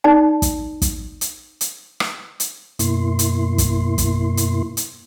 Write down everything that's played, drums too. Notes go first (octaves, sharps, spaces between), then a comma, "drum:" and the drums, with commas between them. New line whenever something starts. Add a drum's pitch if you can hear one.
D#4 D5 A5
drum: kick, hi-hat
drum: kick, hi-hat
drum: hi-hat
drum: hi-hat
drum: rim click
drum: hi-hat
F#2 B2 A#3 E4 C6, drum: hi-hat
drum: hi-hat
drum: kick, hi-hat
drum: kick, hi-hat
drum: hi-hat
drum: hi-hat